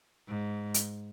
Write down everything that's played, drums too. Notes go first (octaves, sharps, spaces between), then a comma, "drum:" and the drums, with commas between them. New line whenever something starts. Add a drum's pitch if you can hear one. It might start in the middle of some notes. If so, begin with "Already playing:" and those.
G#2
drum: hi-hat